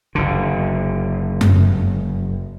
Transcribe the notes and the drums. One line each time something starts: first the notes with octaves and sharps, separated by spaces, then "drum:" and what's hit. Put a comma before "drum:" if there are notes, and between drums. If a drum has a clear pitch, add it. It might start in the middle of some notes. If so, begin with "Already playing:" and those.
F#1 D3
drum: tom F#2